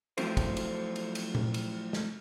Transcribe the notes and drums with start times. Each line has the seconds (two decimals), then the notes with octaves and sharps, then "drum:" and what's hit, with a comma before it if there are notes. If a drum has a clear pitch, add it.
0.18 F3 F#3 A3 C4 E4 C5, drum: cymbal
0.37 drum: kick, cymbal
0.57 drum: cymbal
0.96 drum: cymbal
1.15 drum: cymbal
1.35 drum: tom A#2
1.54 drum: cymbal
1.93 drum: snare